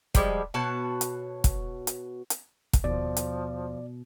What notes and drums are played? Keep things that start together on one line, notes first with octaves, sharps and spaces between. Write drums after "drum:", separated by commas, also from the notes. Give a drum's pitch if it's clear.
F3 G3 G#3, drum: kick, hi-hat
B2 F#4 C#5 A5
drum: hi-hat
drum: kick, hi-hat
drum: hi-hat
drum: hi-hat
drum: kick, hi-hat
D#2 B2 F3 D5
drum: hi-hat